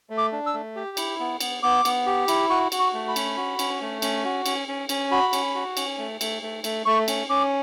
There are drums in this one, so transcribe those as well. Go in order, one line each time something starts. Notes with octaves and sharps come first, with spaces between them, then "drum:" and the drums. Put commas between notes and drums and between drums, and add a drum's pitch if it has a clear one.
A3
D6
D4
E6
A3
G4
E4, drum: cymbal
B3
B3, drum: cymbal
B3 D6
B3, drum: cymbal
G4
E4, drum: cymbal
F#4 C#6
F#4, drum: cymbal
C#6
A3
B5
C#4, drum: cymbal
F#4
C#4, drum: cymbal
A3
C#4, drum: cymbal
F#4
C#4, drum: cymbal
C#4
C#4, drum: cymbal
F#4 B5
C#4, drum: cymbal
F#4
C#4, drum: cymbal
A3
A3, drum: cymbal
A3
A3, drum: cymbal
A3 C#6
C#4, drum: cymbal
C#4 D6